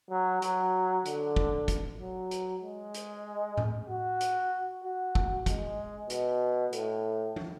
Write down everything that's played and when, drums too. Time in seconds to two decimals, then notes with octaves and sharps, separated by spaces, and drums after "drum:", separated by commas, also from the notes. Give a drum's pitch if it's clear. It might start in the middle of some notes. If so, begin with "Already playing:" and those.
0.10 F#3
0.42 F#3, drum: hi-hat
1.05 D3, drum: hi-hat
1.36 drum: kick
1.68 drum: kick, hi-hat
2.00 F#3
2.31 drum: hi-hat
2.62 G#3
2.94 drum: hi-hat
3.57 drum: tom A2
3.89 F#4
4.21 drum: hi-hat
4.84 F#4
5.15 drum: kick
5.46 G#3, drum: kick, hi-hat
6.10 B2, drum: hi-hat
6.73 A2, drum: hi-hat
7.36 drum: tom